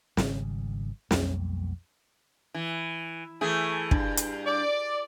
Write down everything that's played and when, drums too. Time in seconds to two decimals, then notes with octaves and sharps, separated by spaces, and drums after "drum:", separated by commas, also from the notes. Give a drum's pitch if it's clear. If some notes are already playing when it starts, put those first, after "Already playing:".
0.17 G#1 C#3 G3, drum: snare
1.11 B1 F2 G3 A#3, drum: snare
2.54 E3
3.41 E3 A3 G#4
3.91 G2, drum: kick
4.17 drum: hi-hat
4.46 D5